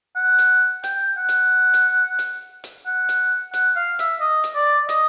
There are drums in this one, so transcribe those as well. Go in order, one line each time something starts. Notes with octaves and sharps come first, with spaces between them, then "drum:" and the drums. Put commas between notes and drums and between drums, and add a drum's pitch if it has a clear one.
F#5
drum: hi-hat
G5, drum: hi-hat
F#5
drum: hi-hat
drum: hi-hat
drum: hi-hat
drum: hi-hat
F#5
drum: hi-hat
F#5, drum: hi-hat
F5
E5, drum: hi-hat
D#5
drum: hi-hat
D5
D#5, drum: hi-hat